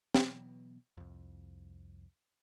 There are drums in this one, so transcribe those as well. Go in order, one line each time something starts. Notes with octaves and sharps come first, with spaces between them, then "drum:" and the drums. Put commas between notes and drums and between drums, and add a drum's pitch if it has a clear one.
B2 E3 F#3 B3, drum: snare
C2 F2